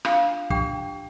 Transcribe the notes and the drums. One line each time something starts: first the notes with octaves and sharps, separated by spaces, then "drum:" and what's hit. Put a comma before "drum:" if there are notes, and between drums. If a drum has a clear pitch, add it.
D4 F4 F5, drum: rim click
D4 G4 G5, drum: kick